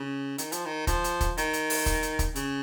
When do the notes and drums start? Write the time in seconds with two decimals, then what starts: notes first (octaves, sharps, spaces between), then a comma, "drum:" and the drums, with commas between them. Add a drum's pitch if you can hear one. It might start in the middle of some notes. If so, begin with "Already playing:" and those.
Already playing: C#3
0.38 D#3, drum: hi-hat
0.52 F3, drum: hi-hat
0.66 D#3
0.87 F3, drum: kick, hi-hat
1.04 drum: hi-hat
1.21 drum: kick, hi-hat
1.37 D#3, drum: hi-hat
1.53 drum: hi-hat
1.70 drum: open hi-hat
1.86 drum: kick, hi-hat
2.03 drum: hi-hat
2.19 drum: kick, hi-hat
2.35 C#3, drum: hi-hat